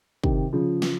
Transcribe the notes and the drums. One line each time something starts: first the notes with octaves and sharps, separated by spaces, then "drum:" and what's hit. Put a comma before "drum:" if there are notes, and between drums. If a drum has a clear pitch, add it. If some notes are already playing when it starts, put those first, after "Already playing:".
C3 D#3, drum: kick
C#3 F3
drum: snare